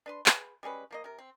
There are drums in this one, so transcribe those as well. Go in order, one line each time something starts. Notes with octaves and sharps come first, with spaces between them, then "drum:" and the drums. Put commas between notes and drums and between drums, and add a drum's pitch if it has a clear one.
D4 B4 C6
G#4 B4, drum: clap
G3 G#3 C#4 B4
F3 A#3 D#5
C3 A#4
C4